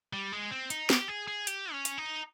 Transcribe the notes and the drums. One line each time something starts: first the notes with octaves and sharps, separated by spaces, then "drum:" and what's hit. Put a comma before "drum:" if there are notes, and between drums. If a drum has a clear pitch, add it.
G3
G#3
C4
D#4, drum: hi-hat
G4, drum: snare
G#4
G#4
G4, drum: hi-hat
C#4
drum: hi-hat
D#4